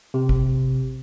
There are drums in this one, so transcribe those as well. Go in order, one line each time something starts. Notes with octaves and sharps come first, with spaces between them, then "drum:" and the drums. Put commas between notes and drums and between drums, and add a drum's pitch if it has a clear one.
C3
drum: kick